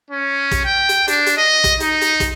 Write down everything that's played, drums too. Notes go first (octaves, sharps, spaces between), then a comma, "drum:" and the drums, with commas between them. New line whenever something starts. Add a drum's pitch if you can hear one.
C#4
drum: kick, hi-hat
G5
drum: hi-hat
D4, drum: hi-hat
drum: hi-hat
D#5
drum: kick, hi-hat
D#4, drum: hi-hat
drum: hi-hat
drum: kick, hi-hat